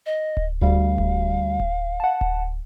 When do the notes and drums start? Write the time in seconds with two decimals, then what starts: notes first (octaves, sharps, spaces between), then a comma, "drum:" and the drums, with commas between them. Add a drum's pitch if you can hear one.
0.06 D#5
0.37 drum: kick D1
0.62 D2 G3 F5
0.98 drum: kick D1
1.60 drum: kick D1
2.00 F#5 A5
2.21 drum: kick D1